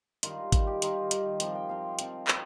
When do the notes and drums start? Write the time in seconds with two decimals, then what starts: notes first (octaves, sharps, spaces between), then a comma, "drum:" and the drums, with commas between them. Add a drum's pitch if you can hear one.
0.23 D#3 G3 D#4 F4, drum: hi-hat
0.52 D#3 G3 D#4, drum: kick G#1, hi-hat
0.67 G4
0.82 D#3 G3 D#4 F4, drum: hi-hat
1.11 D#3 G3 D#4, drum: hi-hat
1.40 F3 C4 F4 G5, drum: hi-hat
1.55 G5
1.69 F3 C4 F4 F5
1.99 F3 C4 F4 G5, drum: hi-hat
2.28 F3 C4 F4, drum: clap